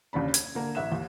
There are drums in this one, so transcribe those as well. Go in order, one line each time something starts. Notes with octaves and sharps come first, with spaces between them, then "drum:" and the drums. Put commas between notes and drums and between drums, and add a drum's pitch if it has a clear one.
D#2 C#3 D4 B5
G#6, drum: hi-hat
D3 A#3
A1 E5 F#6 E7
D#2